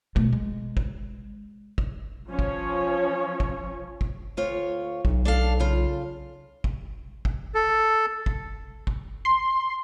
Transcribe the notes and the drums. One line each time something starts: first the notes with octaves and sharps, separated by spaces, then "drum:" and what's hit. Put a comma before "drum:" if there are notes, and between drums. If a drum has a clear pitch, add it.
B2 A3, drum: kick
G#3
drum: kick
drum: kick
F3 C#4 C#5
drum: kick
drum: kick
drum: kick
D2 F4 C#5
B1, drum: kick
D4 A4 F5
C#3 F4
drum: kick
drum: kick
A4
drum: kick
drum: kick
C6